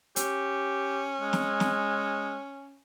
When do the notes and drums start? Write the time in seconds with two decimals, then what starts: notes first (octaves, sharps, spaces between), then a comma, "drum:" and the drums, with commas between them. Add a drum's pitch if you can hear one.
0.16 C#4 G4, drum: hi-hat
1.21 G#3
1.33 drum: snare
1.60 drum: snare